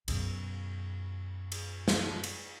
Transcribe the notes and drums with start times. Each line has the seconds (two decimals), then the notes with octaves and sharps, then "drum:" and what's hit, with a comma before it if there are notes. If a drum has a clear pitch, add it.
0.08 F#2 B2, drum: cymbal
1.52 drum: cymbal
1.88 drum: snare
2.24 drum: cymbal